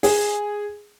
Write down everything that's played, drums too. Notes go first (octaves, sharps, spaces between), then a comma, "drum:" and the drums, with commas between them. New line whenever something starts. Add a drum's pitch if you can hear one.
G#4, drum: open hi-hat